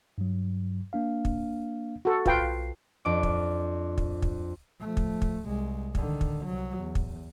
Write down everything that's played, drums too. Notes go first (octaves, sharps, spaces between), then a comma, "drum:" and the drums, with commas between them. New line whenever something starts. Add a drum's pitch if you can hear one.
G2 F#3
A#3 D4 F5
drum: kick
F#4 A4
B1 F4 B4 G5 C7, drum: kick
F2 D4 D6
drum: kick
drum: kick
drum: kick
F3 A3
drum: kick
drum: kick
C2 G#3
D3 D#3, drum: kick
drum: kick
C2 F#3
E2
drum: kick